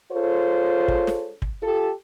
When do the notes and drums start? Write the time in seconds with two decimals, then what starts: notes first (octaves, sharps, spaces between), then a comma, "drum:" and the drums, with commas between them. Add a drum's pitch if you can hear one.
0.12 F4 G#4 A4 C5 C#5
0.88 drum: kick
1.07 drum: snare
1.42 drum: kick
1.63 F4 G4 A4